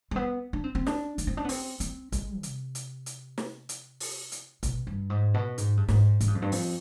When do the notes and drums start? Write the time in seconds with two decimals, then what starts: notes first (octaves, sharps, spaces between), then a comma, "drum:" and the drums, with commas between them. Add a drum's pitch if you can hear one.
0.11 G#3
0.16 B3
0.53 D4
0.64 C4
0.75 C4
0.87 D4, drum: snare
1.18 D4, drum: hi-hat
1.27 C4
1.37 D4
1.44 B3
1.49 C4, drum: open hi-hat
1.80 C4, drum: hi-hat
2.12 G#3, drum: kick, hi-hat
2.43 C3, drum: hi-hat
2.75 drum: hi-hat
3.06 drum: hi-hat
3.38 drum: snare
3.69 drum: hi-hat
4.00 drum: open hi-hat
4.32 drum: hi-hat
4.63 B2, drum: kick, hi-hat
4.87 G2
5.10 G#2
5.34 B2
5.58 G#2, drum: hi-hat
5.77 G2
5.88 G#2, drum: snare
6.20 G#2, drum: hi-hat
6.27 G2
6.35 F2
6.42 G2
6.52 F2, drum: open hi-hat